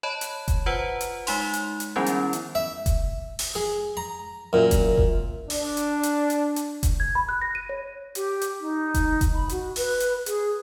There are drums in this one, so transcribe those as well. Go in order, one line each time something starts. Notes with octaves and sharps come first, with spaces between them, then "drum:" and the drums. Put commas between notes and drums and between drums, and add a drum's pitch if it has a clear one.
C#5 D#5 A5 B5
drum: hi-hat
drum: kick F1, hi-hat
F4 B4 C5 F#5
drum: hi-hat
G#3 D#4 C6, drum: open hi-hat
drum: hi-hat
drum: hi-hat
D#3 F3 G3 B3 C#4 E4
drum: hi-hat
drum: hi-hat
E5
drum: kick F1, hi-hat
drum: open hi-hat
G#4
A#5
F#2 A#2
drum: kick F1, hi-hat
drum: kick F1
D4, drum: open hi-hat
drum: hi-hat
drum: hi-hat
drum: hi-hat
drum: hi-hat
drum: kick F1, hi-hat
G#6
B5
F#6
A#6
D#7
C#5
G4, drum: hi-hat
drum: hi-hat
D#4
drum: kick F1, hi-hat
drum: kick F1, hi-hat
B5
F#4, drum: hi-hat
B4, drum: open hi-hat
drum: hi-hat
G#4, drum: hi-hat